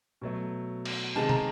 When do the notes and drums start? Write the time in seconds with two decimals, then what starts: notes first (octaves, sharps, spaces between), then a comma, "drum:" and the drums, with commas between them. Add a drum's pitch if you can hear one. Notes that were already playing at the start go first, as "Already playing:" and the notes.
0.22 B2 F#3 A3
0.85 drum: cymbal
1.15 C3 D#3 G#3 A5
1.29 A#5, drum: tom